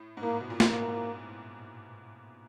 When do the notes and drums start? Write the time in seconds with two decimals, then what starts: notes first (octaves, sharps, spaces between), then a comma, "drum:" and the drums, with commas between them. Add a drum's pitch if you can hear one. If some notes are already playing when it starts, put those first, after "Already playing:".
Already playing: A2
0.17 G#2
0.23 A2 A#3
0.40 B2
0.50 A#2
0.60 A2, drum: snare
0.69 G#2 A#3